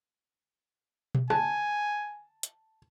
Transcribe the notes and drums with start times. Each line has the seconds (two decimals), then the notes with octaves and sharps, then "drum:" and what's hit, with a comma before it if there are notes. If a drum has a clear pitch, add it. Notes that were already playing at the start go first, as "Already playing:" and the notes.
1.15 drum: tom B2
1.30 G#5 A5, drum: rim click
2.43 drum: hi-hat